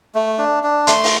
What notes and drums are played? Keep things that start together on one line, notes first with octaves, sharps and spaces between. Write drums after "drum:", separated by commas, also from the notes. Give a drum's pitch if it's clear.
A3
D4
D4
A3 C6, drum: hi-hat
drum: open hi-hat